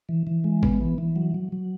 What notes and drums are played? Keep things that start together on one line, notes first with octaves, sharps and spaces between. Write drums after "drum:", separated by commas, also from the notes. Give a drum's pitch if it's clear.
E3
E3
G#3
B3, drum: kick G#1
E3
E3
F#3
F#3
F#3